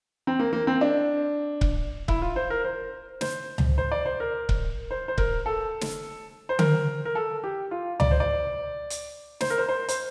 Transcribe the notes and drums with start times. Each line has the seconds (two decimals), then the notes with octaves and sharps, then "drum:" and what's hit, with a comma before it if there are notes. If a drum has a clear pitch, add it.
0.27 C4
0.39 A#3
0.53 A#3
0.67 C4
0.81 D4
1.61 drum: kick C#1
2.08 E4, drum: kick C#1
2.22 F4
2.36 C5
2.50 A#4
2.64 C5
3.21 C5, drum: snare
3.58 drum: tom C#2
3.78 C5
3.92 D5
4.06 C5
4.20 A#4
4.49 drum: kick C#1
4.91 C5
5.08 C5
5.18 A#4, drum: kick C#1
5.46 A4
5.81 drum: snare
6.49 C5
6.59 A#4, drum: tom D3
7.05 A#4
7.15 A4
7.44 G4
7.71 F4
8.00 D5, drum: tom C#2
8.11 C5
8.20 D5
8.90 drum: hi-hat
9.41 C5, drum: snare
9.50 A#4
9.58 C5
9.69 C5
9.88 C5, drum: hi-hat